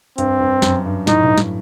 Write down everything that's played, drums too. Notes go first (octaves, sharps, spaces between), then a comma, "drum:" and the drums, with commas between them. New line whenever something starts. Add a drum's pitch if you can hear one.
G2 C4, drum: hi-hat
G2
F#2, drum: snare
G2
F#2 A2 D#4, drum: snare
G2, drum: tom A#2
drum: snare